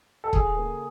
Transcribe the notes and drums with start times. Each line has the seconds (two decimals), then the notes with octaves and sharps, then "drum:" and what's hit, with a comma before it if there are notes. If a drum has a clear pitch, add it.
0.24 A4
0.33 C#3 G#4, drum: kick
0.57 A#3